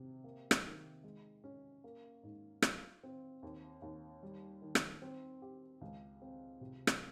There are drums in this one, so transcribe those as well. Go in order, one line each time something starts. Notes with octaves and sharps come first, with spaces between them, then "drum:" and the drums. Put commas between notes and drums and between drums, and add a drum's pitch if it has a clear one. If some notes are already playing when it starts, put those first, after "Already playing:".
Already playing: C3
A#3
drum: rim click
D#3
G#3
C#4
A#3
G#2
F4, drum: rim click
C4
D#2
D#2
G3
D#3
drum: rim click
C4
G4
C#2
C4
C3
drum: rim click